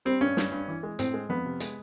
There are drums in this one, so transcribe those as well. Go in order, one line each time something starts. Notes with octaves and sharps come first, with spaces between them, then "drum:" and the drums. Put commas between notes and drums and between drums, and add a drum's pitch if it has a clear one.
G3 C4
G2 C#4
G2, drum: snare
G2
E3
G#3
A2 C4, drum: hi-hat
G#3
F2 B3
C3
G#3, drum: hi-hat